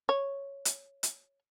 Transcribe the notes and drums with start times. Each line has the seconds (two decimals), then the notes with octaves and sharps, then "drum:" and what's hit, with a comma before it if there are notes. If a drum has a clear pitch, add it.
0.09 C#5
0.65 drum: hi-hat
1.03 drum: hi-hat